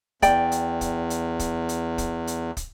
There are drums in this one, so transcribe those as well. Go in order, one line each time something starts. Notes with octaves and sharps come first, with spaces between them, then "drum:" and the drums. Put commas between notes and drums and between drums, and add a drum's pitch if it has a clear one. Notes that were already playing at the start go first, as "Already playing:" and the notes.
E2 D5 G5, drum: kick, hi-hat
drum: hi-hat
drum: kick, hi-hat
drum: hi-hat
drum: kick, hi-hat
drum: hi-hat
drum: kick, hi-hat
drum: hi-hat
drum: kick, hi-hat